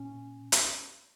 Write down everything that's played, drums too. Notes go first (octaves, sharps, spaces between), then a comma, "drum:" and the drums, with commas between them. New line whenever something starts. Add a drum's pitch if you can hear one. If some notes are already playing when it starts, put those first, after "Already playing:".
Already playing: A#2 C#4
drum: hi-hat